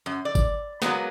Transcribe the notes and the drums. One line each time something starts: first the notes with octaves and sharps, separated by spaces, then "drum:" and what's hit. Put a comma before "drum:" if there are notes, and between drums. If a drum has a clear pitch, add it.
F#2
D5
drum: kick G1, tambourine
F#3 G#3 A#3 B3, drum: snare